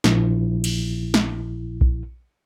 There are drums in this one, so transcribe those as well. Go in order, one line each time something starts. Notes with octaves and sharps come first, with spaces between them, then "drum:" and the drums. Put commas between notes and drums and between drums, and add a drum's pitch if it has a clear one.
A#1 E4, drum: snare
drum: cymbal
drum: snare
drum: kick B1